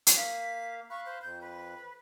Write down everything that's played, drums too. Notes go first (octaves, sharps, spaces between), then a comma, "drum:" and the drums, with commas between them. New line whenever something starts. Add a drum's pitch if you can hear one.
drum: hi-hat
A#3 F5 B6
F5 B5 C#6 F#6
C5
F2 G6
B4